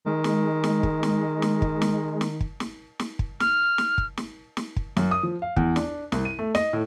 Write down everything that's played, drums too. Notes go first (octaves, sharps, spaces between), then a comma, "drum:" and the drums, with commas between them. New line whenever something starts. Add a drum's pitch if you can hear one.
D#3 G#3
drum: snare
drum: snare
drum: kick
drum: snare
drum: snare
drum: kick
drum: snare
drum: snare
drum: kick
drum: snare
drum: snare
drum: kick
F6, drum: snare
drum: snare
drum: kick
drum: snare
drum: snare
drum: kick
F#2, drum: snare
D#6
F3
F5
E2, drum: kick
D4, drum: snare
C2, drum: snare
D#7
A3
D#5, drum: snare
A2